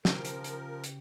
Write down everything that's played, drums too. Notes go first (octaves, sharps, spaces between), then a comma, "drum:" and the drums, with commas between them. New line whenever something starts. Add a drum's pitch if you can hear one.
C#3 F3 G4 A#4, drum: snare
drum: hi-hat
drum: hi-hat
drum: hi-hat